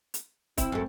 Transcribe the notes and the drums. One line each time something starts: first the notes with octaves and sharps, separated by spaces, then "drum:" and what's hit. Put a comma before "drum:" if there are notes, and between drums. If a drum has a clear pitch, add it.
drum: hi-hat
C4 E4, drum: kick C#1, hi-hat
F#2 A3